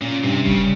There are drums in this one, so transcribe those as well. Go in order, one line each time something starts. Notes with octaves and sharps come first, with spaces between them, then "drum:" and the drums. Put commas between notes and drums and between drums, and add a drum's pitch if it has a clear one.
A#2 C#4
G2 C3
C#3 G3, drum: kick F1